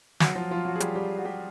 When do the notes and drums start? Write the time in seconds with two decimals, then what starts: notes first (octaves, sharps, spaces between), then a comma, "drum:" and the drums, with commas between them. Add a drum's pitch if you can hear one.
0.20 F#3 F#4, drum: snare
0.35 F3 F4
0.51 F3 F4
0.65 F#3 F#4
0.76 G#4
0.80 G3 G4, drum: hi-hat
0.95 G3 G4
1.17 F#4
1.25 G3 G4